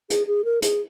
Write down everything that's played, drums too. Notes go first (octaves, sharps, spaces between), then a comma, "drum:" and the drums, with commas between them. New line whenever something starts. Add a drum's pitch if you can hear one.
G#4, drum: hi-hat
G#4
A#4
G#4, drum: hi-hat